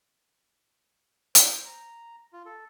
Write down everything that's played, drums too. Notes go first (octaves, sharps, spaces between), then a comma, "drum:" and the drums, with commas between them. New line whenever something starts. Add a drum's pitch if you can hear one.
C5, drum: hi-hat
A#5
F4
A4